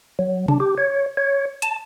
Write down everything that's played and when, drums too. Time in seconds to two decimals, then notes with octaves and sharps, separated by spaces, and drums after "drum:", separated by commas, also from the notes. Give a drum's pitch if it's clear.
0.19 F#3
0.48 D4, drum: tom C3
0.60 G4
0.78 C#5
1.17 C#5
1.62 A5, drum: hi-hat